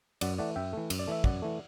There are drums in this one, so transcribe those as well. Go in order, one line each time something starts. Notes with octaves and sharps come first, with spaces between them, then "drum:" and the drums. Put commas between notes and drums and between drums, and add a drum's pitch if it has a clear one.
F#2 D5 F#5, drum: cymbal
E3 A3 D5 F#5
F#2 E5 G5
E3 A3
F#2, drum: cymbal
D5
E3 A3 E5
F#2 D5 F#5, drum: kick
E3 A3